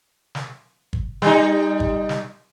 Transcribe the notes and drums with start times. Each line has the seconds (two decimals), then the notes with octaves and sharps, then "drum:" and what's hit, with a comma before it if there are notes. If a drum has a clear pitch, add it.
0.35 drum: snare
0.93 drum: kick G1
1.22 G3 D#4, drum: snare
1.80 drum: kick G1
2.09 drum: snare